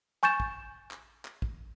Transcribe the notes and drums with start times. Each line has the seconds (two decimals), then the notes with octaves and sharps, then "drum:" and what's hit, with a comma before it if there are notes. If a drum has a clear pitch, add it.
0.23 G#5 C#6 G6 A6 E7
0.40 drum: kick
0.91 drum: clap
1.25 drum: clap
1.42 drum: kick